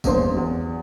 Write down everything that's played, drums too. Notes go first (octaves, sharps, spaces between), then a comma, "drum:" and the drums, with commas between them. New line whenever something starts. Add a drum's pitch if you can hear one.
A1 E2 G2 A#3 C5 C6, drum: kick F#1, tambourine
E2 F#3